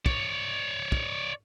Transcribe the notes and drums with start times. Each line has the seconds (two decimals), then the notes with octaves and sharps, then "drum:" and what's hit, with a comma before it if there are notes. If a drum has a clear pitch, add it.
0.06 C#5 D5, drum: kick
0.92 drum: kick